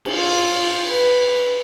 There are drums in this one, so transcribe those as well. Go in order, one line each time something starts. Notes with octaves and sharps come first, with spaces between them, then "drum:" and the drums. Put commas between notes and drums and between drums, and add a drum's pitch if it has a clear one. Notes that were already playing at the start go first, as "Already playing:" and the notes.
drum: cymbal
F4
B4